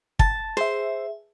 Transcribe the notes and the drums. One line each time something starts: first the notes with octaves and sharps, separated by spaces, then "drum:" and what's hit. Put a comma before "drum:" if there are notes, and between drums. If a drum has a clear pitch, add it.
A5, drum: kick
G#4 C5 E5